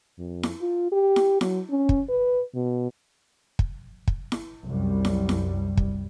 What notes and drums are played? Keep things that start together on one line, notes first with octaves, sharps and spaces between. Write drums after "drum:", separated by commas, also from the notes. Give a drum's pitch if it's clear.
F2
drum: snare E4
F4
G4
drum: snare E4
F#3, drum: snare E4
C#4
drum: kick
B4
B2
drum: kick
drum: kick
drum: snare E4
C2 F#2 G3
drum: snare E4
drum: snare E4
drum: kick